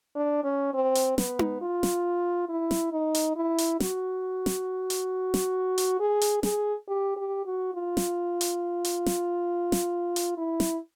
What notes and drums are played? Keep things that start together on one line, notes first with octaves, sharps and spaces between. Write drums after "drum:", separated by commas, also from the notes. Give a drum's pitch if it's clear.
D4
C#4
C4
drum: hi-hat
B3, drum: snare
drum: tom D#4
F4
drum: snare
E4
drum: snare
D#4
drum: hi-hat
E4
drum: hi-hat
F#4, drum: snare
drum: snare
drum: hi-hat
drum: snare
drum: hi-hat
G#4
drum: hi-hat
G#4, drum: snare
G4
G4
F#4
F4
drum: snare
drum: hi-hat
drum: hi-hat
drum: snare
drum: snare
drum: hi-hat
E4
drum: snare